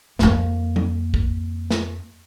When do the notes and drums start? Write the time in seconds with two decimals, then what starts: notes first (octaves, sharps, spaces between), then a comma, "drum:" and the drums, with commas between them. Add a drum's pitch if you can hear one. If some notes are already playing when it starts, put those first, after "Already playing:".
0.19 F2 A#3, drum: snare
0.76 drum: tom
1.14 drum: kick
1.70 drum: snare